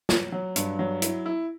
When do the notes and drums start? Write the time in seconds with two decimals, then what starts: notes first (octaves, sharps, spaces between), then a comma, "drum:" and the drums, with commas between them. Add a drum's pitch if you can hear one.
0.09 F#3, drum: snare
0.32 F#3
0.56 G2, drum: hi-hat
0.79 F#3
1.02 E4, drum: hi-hat
1.26 E4